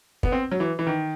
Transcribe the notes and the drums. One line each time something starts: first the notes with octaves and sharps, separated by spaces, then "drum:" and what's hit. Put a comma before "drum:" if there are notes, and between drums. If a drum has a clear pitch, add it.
B3, drum: kick
C4
F#3
E3
E3
D#3